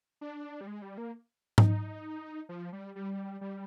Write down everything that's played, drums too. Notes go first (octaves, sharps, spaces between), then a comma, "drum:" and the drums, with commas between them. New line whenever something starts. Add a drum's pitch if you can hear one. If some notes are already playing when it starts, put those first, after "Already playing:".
D4
G3
G#3
G3
A#3
D#4, drum: tom G#2
F3
G3
G3
G3